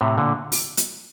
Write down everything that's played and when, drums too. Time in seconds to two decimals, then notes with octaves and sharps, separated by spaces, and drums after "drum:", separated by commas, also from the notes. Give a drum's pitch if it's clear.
0.01 A2 C3
0.18 A#2 D3
0.52 drum: open hi-hat
0.77 drum: hi-hat